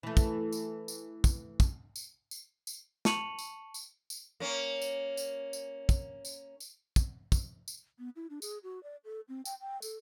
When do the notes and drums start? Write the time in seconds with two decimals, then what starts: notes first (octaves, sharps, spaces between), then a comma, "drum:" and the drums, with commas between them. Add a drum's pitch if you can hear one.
0.03 E3 A3
0.17 drum: kick, tambourine
0.52 drum: tambourine
0.88 drum: tambourine
1.24 drum: kick, tambourine
1.60 drum: kick, tambourine
1.96 drum: tambourine
2.31 drum: tambourine
2.67 drum: tambourine
3.05 A5 C#6 C#7 D#7 F7 F#7, drum: snare
3.39 drum: tambourine
3.74 drum: tambourine
4.10 drum: tambourine
4.40 A#3 C#4
4.82 drum: tambourine
5.17 drum: tambourine
5.53 drum: tambourine
5.89 drum: kick, tambourine
6.25 drum: tambourine
6.60 drum: tambourine
6.96 drum: kick, tambourine
7.32 drum: kick, tambourine
7.68 drum: tambourine
7.99 B3
8.16 E4
8.30 D4
8.42 G#4, drum: tambourine
8.63 F#4
8.83 D5
9.05 A4
9.29 C4
9.45 G5, drum: tambourine
9.61 G5
9.82 A4, drum: tambourine